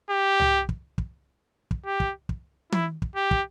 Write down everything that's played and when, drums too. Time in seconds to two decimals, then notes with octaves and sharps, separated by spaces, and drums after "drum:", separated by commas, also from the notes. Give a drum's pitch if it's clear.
0.10 G4
0.40 drum: tom C2
0.69 drum: kick
0.98 drum: kick
1.71 drum: kick
1.86 G4
2.00 drum: kick
2.29 drum: kick
2.72 E4, drum: tom
3.02 drum: kick
3.16 G4
3.31 drum: kick